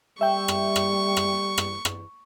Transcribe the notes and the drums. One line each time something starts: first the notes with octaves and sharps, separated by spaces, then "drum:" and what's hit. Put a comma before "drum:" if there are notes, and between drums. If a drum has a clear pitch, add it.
G3 E5 G5 C#6
drum: rim click
drum: rim click
drum: rim click
drum: rim click
drum: rim click